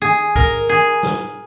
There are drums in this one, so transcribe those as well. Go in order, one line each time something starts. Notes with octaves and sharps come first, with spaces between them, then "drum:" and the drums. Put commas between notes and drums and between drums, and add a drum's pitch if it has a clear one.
G#4
A#4, drum: kick
G#4
drum: snare